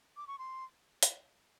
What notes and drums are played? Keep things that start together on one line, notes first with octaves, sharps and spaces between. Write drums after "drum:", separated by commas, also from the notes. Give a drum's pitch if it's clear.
D6
C#6
C6
drum: hi-hat